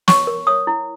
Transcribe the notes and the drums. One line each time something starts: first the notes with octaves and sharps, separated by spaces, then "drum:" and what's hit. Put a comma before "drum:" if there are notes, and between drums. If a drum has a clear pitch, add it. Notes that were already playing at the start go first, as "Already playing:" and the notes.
C#5 C#6, drum: snare
A#4
C#5 D#6
E4